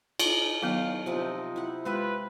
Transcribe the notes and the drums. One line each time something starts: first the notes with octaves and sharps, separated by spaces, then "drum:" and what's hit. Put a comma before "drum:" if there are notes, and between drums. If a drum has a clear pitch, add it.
D#4 F4, drum: cymbal
D#3 F#3 B3 F5 G5
C3 F3 D#4 E5
E4 F#5
G#3 F4 G4 B4 E5